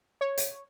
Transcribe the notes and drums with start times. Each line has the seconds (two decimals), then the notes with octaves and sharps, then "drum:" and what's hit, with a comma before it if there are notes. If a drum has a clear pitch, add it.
0.21 C#5
0.38 drum: hi-hat